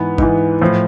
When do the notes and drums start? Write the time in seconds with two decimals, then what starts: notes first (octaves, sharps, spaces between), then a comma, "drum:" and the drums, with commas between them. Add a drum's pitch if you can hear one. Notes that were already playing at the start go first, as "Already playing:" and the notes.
Already playing: G#2 E3 B3
0.18 G#2 E3, drum: kick G#1
0.61 A2 F3